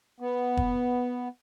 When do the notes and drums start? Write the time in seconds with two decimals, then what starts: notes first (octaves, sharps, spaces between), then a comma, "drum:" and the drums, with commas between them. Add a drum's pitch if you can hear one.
0.20 B3
0.57 drum: kick